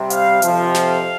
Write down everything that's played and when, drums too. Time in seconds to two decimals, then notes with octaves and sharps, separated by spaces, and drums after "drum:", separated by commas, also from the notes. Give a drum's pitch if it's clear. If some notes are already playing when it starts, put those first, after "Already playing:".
Already playing: C3 G3 C4
0.10 F5, drum: hi-hat
0.42 F2 C3 F3, drum: hi-hat
0.74 F5, drum: snare